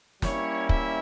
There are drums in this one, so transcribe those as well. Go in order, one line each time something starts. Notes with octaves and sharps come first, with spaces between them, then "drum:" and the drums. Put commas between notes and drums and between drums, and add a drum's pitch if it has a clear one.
G3 A#3 C#4 E4 C#5, drum: snare
E5, drum: kick